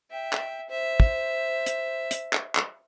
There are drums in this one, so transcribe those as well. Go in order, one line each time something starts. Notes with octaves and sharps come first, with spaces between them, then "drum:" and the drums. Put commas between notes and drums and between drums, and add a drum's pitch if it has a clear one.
E5 G5
drum: clap
C5 E5
drum: kick
drum: hi-hat
drum: hi-hat
drum: clap
drum: clap